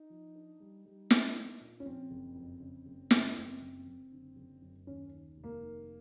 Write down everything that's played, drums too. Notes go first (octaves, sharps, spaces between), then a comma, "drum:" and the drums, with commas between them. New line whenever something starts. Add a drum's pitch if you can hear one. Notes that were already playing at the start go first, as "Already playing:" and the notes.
Already playing: D#4
F3
D4
G3
G3
D4, drum: snare
D4
A#2
C#4
F3 C4
F#1
F2
C#3
F#1
C#3, drum: snare
F#2 C4
F#1
F#1
D3
F#1
F#2
D#2 C#4
D#3
F1
A#3
D#3